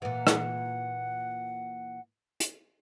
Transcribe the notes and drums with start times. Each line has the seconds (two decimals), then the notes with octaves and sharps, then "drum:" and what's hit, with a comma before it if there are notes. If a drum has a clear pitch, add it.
0.02 A#2 E3 F#5
0.27 drum: rim click
2.40 drum: hi-hat